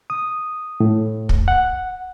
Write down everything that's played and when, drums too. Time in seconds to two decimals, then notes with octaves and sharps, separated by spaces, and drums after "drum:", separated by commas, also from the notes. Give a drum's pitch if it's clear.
0.10 D#6
0.80 A2
1.29 drum: kick
1.48 F#5